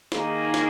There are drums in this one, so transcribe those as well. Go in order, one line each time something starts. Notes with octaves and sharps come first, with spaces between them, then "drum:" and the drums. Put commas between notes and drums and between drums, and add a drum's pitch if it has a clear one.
D#3 A#3 D#4 G#4, drum: snare
drum: snare